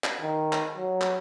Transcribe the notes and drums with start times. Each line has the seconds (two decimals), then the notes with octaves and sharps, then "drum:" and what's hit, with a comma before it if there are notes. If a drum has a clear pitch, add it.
0.04 drum: clap
0.21 D#3
0.53 drum: clap
0.77 F#3
1.01 drum: clap